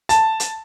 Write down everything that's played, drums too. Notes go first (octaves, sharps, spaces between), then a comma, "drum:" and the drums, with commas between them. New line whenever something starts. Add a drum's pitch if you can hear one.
A5, drum: hi-hat
drum: hi-hat